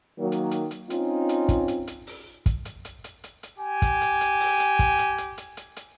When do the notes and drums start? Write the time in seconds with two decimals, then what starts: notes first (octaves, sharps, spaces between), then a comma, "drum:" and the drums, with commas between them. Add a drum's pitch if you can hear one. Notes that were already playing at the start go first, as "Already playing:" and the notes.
0.19 D#3 F#3 A#3
0.32 drum: hi-hat
0.51 drum: hi-hat
0.71 drum: hi-hat
0.90 C4 C#4 D#4 F4, drum: hi-hat
1.29 drum: hi-hat
1.49 drum: kick, hi-hat
1.68 drum: hi-hat
1.87 drum: hi-hat
2.07 drum: open hi-hat
2.46 drum: kick, hi-hat
2.65 drum: hi-hat
2.85 drum: hi-hat
3.04 drum: hi-hat
3.24 drum: hi-hat
3.43 drum: hi-hat
3.58 G4 G#5
3.82 drum: kick, hi-hat
4.01 drum: hi-hat
4.21 drum: hi-hat
4.40 drum: open hi-hat
4.60 drum: hi-hat
4.79 drum: kick, hi-hat
4.99 drum: hi-hat
5.18 drum: hi-hat
5.38 drum: hi-hat
5.57 drum: hi-hat
5.76 drum: hi-hat